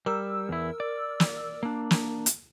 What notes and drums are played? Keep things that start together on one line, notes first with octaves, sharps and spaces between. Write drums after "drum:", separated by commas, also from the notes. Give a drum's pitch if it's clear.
G3 A#4 E6
E2 E4
D5
drum: snare
A#3 D4
drum: snare
drum: hi-hat